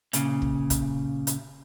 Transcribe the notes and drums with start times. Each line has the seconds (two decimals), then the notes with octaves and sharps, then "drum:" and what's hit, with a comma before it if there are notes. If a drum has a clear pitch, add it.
0.13 A#2 C#3, drum: hi-hat
0.42 drum: kick
0.70 drum: kick, hi-hat
1.27 drum: hi-hat